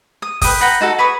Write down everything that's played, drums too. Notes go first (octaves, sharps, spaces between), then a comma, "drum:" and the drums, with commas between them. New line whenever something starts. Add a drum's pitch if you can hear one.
D#6
B4 G5 D#6, drum: kick, open hi-hat
B4 F#5 G5 A#5
D#4 F#4 A4 A5
G#4 B4 C#6 D#6